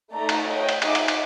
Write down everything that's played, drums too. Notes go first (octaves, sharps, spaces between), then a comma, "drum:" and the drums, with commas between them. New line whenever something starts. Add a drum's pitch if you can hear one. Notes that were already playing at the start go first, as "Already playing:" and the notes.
A3 D#4 D5 A#5
drum: cymbal
C#5 D#5 G5
drum: cymbal
D#4 G#4 D#5 E5 D6, drum: cymbal
drum: cymbal
drum: cymbal